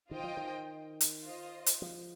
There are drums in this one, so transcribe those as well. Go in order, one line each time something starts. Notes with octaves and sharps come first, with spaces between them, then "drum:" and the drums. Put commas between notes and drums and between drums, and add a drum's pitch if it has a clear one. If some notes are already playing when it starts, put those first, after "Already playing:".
D#3 F4 C5 D#5 G5
F3
D#3
drum: hi-hat
F4 C5 D#5
drum: hi-hat
F3